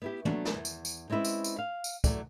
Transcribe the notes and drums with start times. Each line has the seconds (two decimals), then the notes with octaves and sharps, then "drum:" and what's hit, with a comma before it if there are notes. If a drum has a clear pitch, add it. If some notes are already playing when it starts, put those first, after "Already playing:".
0.02 B3 E4 G4
0.25 F#3 A3 B3 D4, drum: tom
0.45 drum: snare
0.54 E2
0.65 drum: tambourine
0.85 drum: tambourine
1.10 G#3 C4 C#4 E4 B4
1.25 drum: tambourine
1.44 drum: tambourine
1.59 F5
1.84 drum: tambourine
2.04 E2 F#3 A3 D5, drum: kick, tambourine